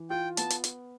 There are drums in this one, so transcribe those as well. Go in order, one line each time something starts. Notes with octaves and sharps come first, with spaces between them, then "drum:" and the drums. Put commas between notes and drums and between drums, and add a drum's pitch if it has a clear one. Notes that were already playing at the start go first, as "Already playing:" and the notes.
Already playing: E3
F4 G5
B3 A5, drum: hi-hat
drum: hi-hat
drum: hi-hat